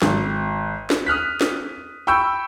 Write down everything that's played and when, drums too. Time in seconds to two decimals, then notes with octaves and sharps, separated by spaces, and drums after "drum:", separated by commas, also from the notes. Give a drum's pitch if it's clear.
0.02 G#1, drum: snare
0.90 drum: snare
1.07 D#6 F6 F#6 B6
1.41 drum: snare
2.07 G5 B5 C#6 E6 G6